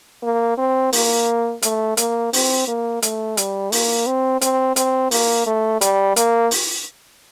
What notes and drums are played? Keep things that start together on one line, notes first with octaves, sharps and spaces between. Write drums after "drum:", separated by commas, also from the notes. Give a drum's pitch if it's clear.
A#3
C4
A#3, drum: open hi-hat
A3, drum: hi-hat
A#3, drum: hi-hat
C4, drum: open hi-hat
A#3
A3, drum: hi-hat
G3, drum: hi-hat
A#3, drum: open hi-hat
C4
C4, drum: hi-hat
C4, drum: hi-hat
A#3, drum: open hi-hat
A3
G3, drum: hi-hat
A#3, drum: hi-hat
drum: open hi-hat